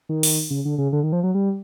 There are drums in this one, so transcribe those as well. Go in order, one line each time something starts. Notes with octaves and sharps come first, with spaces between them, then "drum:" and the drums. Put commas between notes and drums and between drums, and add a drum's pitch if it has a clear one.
D#3
drum: open hi-hat
C#3
D3
C#3
D3
D#3
F3
F#3
G3